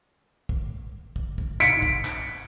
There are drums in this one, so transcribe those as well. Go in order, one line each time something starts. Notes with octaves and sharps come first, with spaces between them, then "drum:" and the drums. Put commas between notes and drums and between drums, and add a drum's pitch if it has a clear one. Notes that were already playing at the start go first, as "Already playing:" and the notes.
drum: kick
drum: kick
drum: kick
B6 C#7 D7
drum: kick
drum: clap